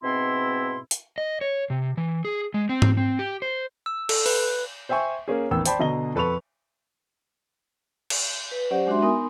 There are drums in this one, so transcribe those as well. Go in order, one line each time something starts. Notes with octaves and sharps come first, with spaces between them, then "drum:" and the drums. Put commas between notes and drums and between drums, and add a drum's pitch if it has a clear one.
G#2 B2 C4 E4 C6
drum: hi-hat
D#5
C#5
C3
E3
G#4
G#3
C4
drum: tom G#2
C4
G4
C5
E6
A4, drum: cymbal
B4, drum: open hi-hat
C5 E5 G5 G#5 C#6
A#3 C#4 G#4
A1 D#3 B3 G5 E6
C5 D5 G5 A5 B5, drum: hi-hat
B2 D3 D#5 A#5 G7
F2 A4 B4 A5 C#6 F7
drum: cymbal
B4
F#3 C#4 G4 C5 D5 F#5
G#3 D4 F#4 E5 C6
B3 D#4 A#4 G#5 C6 D#6